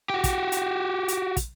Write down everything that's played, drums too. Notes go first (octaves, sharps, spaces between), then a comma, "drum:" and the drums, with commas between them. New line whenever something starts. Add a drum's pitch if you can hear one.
F#4 G4
drum: kick, hi-hat
drum: hi-hat
drum: hi-hat
drum: kick, hi-hat